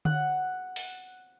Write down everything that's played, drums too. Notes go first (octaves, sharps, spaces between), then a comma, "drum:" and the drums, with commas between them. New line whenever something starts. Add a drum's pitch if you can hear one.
F#5, drum: tom D3
drum: open hi-hat